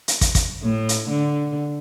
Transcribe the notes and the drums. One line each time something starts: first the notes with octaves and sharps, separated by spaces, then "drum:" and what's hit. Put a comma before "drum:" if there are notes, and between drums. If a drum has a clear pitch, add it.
drum: hi-hat
drum: kick, hi-hat
drum: kick, hi-hat
A2
drum: hi-hat
D3